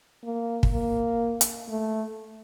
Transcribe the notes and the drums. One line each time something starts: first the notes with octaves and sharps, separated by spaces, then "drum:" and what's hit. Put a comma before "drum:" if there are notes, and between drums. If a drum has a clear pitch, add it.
A#3
drum: kick
A#3
drum: hi-hat
A3